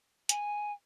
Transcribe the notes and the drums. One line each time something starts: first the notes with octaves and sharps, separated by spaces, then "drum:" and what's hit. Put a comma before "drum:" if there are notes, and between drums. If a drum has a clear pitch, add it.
G#5, drum: hi-hat